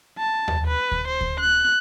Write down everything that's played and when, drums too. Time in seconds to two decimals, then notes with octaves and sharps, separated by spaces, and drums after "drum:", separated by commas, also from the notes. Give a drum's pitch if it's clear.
0.18 A5
0.48 drum: tom D#2
0.67 B4
0.92 drum: kick D2
1.08 C5
1.21 drum: kick D2
1.40 F#6